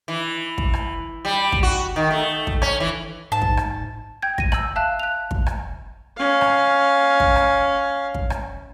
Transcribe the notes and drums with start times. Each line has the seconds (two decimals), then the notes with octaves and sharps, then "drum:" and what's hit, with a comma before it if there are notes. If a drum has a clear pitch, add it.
0.08 E3
0.58 drum: kick
0.74 drum: rim click
1.25 G3
1.52 drum: kick
1.63 F#4
1.96 D#3
2.11 A3
2.47 drum: kick
2.62 C#4, drum: rim click
2.80 E3
3.32 G#2 A5
3.42 drum: kick
3.57 drum: rim click
4.22 G5 G6 G#6
4.38 A#6 D#7, drum: kick
4.52 E6 F#7, drum: rim click
4.76 E5 F5 A5 F#6
5.00 F#6 F7
5.31 drum: kick
5.47 drum: rim click
6.17 C#4 F5
6.41 drum: rim click
7.20 drum: kick
7.36 drum: rim click
8.15 drum: kick
8.30 drum: rim click